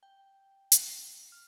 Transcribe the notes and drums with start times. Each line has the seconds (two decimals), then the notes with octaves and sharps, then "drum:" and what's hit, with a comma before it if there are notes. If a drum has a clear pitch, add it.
0.03 G5
0.72 G7, drum: hi-hat
1.32 F6